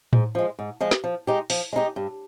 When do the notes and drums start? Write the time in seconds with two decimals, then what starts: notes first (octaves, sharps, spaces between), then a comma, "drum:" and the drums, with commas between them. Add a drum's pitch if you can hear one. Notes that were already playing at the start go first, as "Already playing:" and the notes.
0.13 G#2, drum: tom A2
0.35 F3 G#3
0.59 G#2
0.81 F3 G#3
0.91 drum: snare
1.04 F3
1.27 G#3 D#4 G4
1.50 F3, drum: open hi-hat
1.73 G#3 D#4 G4
1.96 G2